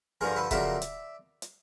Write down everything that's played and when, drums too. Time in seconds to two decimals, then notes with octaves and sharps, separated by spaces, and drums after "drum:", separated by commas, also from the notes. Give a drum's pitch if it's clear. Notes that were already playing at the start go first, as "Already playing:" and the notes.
0.21 G2 D3 F3 G#4 A#4
0.36 A4 B4
0.51 F2 C#3 F#3 A#3 D4 D5 E5, drum: kick, hi-hat
0.82 drum: hi-hat
1.42 drum: hi-hat